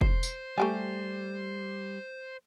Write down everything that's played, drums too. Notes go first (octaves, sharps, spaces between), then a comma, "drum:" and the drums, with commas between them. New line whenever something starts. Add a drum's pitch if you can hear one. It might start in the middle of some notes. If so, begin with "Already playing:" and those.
C5, drum: kick
drum: tambourine
G3 A3 G4 G#5